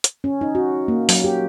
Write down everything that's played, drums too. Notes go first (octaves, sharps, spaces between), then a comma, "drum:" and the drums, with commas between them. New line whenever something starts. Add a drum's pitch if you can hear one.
drum: hi-hat
C#4
D#4
F#4
A#3
F#3, drum: open hi-hat
G4